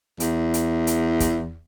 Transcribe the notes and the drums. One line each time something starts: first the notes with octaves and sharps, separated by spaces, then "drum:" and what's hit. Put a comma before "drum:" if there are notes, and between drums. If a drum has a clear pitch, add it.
E2, drum: hi-hat
drum: hi-hat
drum: hi-hat
drum: kick, hi-hat